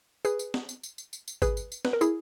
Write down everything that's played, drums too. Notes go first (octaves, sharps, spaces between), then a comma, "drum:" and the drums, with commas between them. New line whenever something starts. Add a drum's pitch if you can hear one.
G#4 B4, drum: tambourine
drum: tambourine
drum: snare
drum: tambourine
drum: tambourine
drum: tambourine
drum: tambourine
drum: tambourine
G#4 B4, drum: kick G#1, tambourine
drum: tambourine
drum: tambourine
B4, drum: snare
A#4
E4 G#4, drum: tambourine